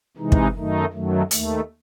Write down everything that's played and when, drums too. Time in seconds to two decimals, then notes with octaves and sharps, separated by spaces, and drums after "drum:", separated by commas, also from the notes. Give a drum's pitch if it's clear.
0.17 C3 E3 G#3 D#4
0.32 drum: kick
0.55 F#2 D#3 A3 D#4
0.93 F#2 D#3 F#3 A3
1.31 D#2 D#3 A3, drum: hi-hat